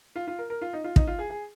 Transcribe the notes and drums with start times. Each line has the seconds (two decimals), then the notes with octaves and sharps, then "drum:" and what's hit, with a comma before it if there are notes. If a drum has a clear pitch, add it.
0.16 F4
0.27 F4
0.39 A#4
0.50 A#4
0.62 F4
0.73 D#4
0.84 F4
0.96 D#4, drum: kick
1.07 F4
1.19 G#4
1.30 G#4